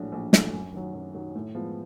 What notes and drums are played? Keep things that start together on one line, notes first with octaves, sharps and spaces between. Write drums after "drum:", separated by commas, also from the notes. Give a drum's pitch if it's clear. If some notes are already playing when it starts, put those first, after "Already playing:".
Already playing: A#1 A2 F#3 A3 D4
A#1
A2 F#3 A3 D4, drum: snare
F#2
D#3 F#3
F#2
D#3 F#3
A2
F3 G#3 B3